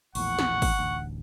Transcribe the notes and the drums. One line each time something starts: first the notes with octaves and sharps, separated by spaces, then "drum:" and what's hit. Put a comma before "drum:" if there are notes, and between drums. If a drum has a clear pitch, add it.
A#1 E2 A2 F#5 C#6, drum: open hi-hat
drum: snare
drum: kick, open hi-hat
D1 A1 D2